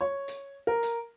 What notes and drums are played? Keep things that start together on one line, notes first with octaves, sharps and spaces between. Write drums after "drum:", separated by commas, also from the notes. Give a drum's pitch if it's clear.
C#5
drum: hi-hat
A#4
drum: hi-hat